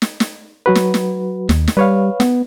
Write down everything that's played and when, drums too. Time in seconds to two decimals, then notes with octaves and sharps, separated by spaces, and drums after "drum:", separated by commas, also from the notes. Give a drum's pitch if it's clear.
0.02 drum: snare
0.20 drum: snare
0.66 F#3 F#4 B4
0.75 drum: snare
0.94 drum: snare
1.49 D#2, drum: snare
1.68 drum: snare
1.77 G3 B4 C#5 F5
2.20 B3, drum: snare